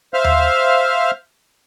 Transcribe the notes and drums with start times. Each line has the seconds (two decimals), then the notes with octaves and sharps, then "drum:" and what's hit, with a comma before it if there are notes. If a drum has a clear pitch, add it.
0.14 C5 E5 F5 F6
0.24 drum: tom D#2